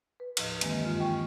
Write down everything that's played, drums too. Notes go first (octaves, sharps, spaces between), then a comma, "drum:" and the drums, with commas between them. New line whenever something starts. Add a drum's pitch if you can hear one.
B4
D#2 A2 F3 D#5, drum: cymbal
G2 D#3 E3 G#3 A#3 C4, drum: cymbal
F#2 G#3 F4
D#5 G5 C#6